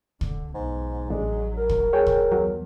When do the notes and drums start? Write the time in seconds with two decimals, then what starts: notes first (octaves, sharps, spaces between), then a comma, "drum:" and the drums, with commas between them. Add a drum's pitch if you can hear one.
0.21 D3, drum: kick
0.55 B1 G#2
1.10 A1 F#3 G#3 D4
1.57 A#4
1.69 drum: kick
1.93 G#4 C#5 G5
2.07 drum: kick
2.32 E2 F#3